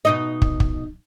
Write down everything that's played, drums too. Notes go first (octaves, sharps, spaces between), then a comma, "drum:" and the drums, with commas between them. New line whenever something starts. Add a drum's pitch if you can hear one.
B2 D#4 D#5
drum: kick
drum: kick